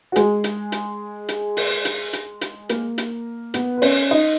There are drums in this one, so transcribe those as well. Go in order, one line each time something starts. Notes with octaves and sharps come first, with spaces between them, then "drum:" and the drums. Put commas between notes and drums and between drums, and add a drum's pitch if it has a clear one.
F#4
G#3 G#4, drum: hi-hat
drum: hi-hat
drum: hi-hat
drum: hi-hat
drum: open hi-hat
drum: hi-hat
drum: hi-hat
drum: hi-hat
A#3 A#4, drum: hi-hat
drum: hi-hat
B3 B4, drum: hi-hat
B4
C#4 C#5, drum: open hi-hat
D#4 D#5